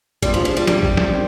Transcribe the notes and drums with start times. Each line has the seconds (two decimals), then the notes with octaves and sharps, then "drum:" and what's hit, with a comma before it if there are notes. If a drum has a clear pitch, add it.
0.22 B2 G3 B3 D4 F4 G#4, drum: kick
0.34 F3
0.45 F3
0.57 G3
0.67 G3, drum: snare
0.83 drum: kick
0.97 drum: snare
1.12 D#3 G#3 C4